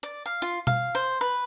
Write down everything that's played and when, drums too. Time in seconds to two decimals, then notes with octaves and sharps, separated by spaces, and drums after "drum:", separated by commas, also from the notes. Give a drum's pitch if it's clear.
0.03 D5, drum: hi-hat
0.26 F5
0.42 F4
0.67 F5, drum: tom B2
0.95 C5
1.21 B4